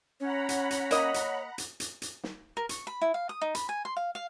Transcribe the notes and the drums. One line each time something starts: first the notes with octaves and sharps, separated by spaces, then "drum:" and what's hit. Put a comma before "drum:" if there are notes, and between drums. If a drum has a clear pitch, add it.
C#4 C#5 F#5 A#5 B5
drum: hi-hat
drum: hi-hat
A#3 D#5, drum: hi-hat
drum: hi-hat
drum: hi-hat
drum: hi-hat
drum: hi-hat
drum: snare
A#4
C#6, drum: hi-hat
B5
E4
F5
D#6
D#4
B5, drum: hi-hat
G#5
C6
F5
F5